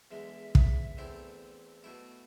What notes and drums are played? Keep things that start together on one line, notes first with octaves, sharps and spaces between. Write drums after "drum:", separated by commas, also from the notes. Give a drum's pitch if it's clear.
E2 D3 G#3 E5
E5, drum: kick
E2 D3 A3 C4 E4
B2 A3 E4